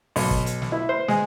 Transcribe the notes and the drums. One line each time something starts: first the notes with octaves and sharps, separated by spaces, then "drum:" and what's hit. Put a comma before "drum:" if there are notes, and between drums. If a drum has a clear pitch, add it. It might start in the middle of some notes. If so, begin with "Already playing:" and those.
B1, drum: open hi-hat
drum: kick
drum: hi-hat
drum: snare
E4
C5
G#3, drum: snare